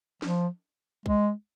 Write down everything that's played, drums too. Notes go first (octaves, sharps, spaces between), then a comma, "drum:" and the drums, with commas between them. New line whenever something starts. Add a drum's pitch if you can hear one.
F3, drum: snare
G#3, drum: kick